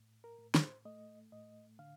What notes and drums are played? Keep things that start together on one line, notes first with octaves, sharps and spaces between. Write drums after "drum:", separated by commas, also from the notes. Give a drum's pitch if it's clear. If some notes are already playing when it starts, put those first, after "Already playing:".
Already playing: A2
A#4
A2
C5, drum: snare
A3 D#5
A2 D#5
D3 F5